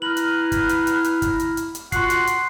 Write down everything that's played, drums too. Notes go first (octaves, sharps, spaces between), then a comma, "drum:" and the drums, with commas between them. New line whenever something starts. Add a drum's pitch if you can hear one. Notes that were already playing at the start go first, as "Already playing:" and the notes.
E4 B4 A#5 F6 F#7
drum: hi-hat
drum: kick, hi-hat
drum: hi-hat
drum: hi-hat
drum: hi-hat
drum: kick, hi-hat
drum: hi-hat
drum: hi-hat
drum: hi-hat
F4 F#4 C6 C7, drum: kick, hi-hat
drum: hi-hat
drum: hi-hat